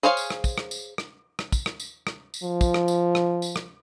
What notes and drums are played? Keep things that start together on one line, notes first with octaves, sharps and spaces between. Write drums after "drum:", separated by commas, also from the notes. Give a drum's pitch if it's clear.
G#4 C5 C#5 F5 G#5
drum: tambourine
drum: rim click
drum: kick, tambourine
drum: rim click
drum: tambourine
drum: rim click
drum: rim click
drum: kick, tambourine
drum: rim click
drum: tambourine
drum: rim click
drum: tambourine
F3
drum: kick, tambourine
drum: rim click
drum: tambourine
drum: rim click
drum: tambourine
drum: rim click